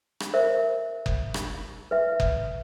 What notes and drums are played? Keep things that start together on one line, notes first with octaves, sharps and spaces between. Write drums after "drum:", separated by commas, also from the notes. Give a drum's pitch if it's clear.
drum: rim click
A#4 C5 E5
drum: kick F#1
drum: rim click
B4 E5
drum: kick F#1